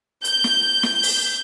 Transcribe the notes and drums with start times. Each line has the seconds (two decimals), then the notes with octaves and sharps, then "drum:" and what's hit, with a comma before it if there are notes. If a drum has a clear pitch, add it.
0.24 G6, drum: hi-hat
0.44 drum: snare
0.83 drum: snare
1.03 drum: open hi-hat